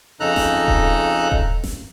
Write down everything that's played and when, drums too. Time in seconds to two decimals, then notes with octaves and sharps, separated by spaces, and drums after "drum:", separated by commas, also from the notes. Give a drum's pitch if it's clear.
0.20 F2 C#3 D#4 A4 A#5 F#6
0.36 drum: snare F#1
0.68 drum: kick D#1
1.32 drum: kick D#1
1.64 drum: snare F#1